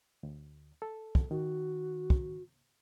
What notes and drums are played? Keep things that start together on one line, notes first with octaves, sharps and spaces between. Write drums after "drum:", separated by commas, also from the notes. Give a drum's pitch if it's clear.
D2
A4
drum: kick
D#3 F#4
drum: kick